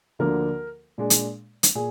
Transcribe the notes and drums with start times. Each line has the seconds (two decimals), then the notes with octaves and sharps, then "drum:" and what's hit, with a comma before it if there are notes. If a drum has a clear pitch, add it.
0.19 D2 D3 F3 A#3 D4 A#4
0.98 A#2 G#3 D4
1.10 drum: hi-hat
1.63 drum: hi-hat
1.75 A#2 G#4